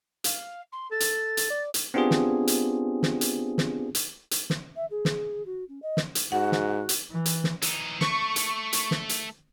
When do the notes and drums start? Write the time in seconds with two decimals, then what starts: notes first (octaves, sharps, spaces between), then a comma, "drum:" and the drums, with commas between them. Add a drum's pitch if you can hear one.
0.24 F5, drum: hi-hat
0.72 C6
0.91 A4 A6
1.00 drum: hi-hat
1.37 drum: hi-hat
1.50 D5
1.74 drum: hi-hat
1.94 B3 C4 D4 F4 G4 G#4
2.11 drum: snare
2.48 drum: hi-hat
3.03 drum: snare
3.21 drum: hi-hat
3.58 drum: snare
3.95 drum: hi-hat
4.31 drum: hi-hat
4.50 drum: snare
4.76 E5
4.91 G#4
5.05 drum: snare
5.46 F#4
5.69 C#4
5.82 D#5
5.97 drum: snare
6.15 drum: hi-hat
6.32 G#2 F#4 F#5
6.52 drum: snare
6.89 drum: hi-hat
7.10 E3
7.26 drum: hi-hat
7.44 drum: snare
7.62 E3 D#4, drum: hi-hat
8.01 A3 C#6, drum: snare
8.36 drum: hi-hat
8.73 drum: hi-hat
8.91 drum: snare
9.09 drum: hi-hat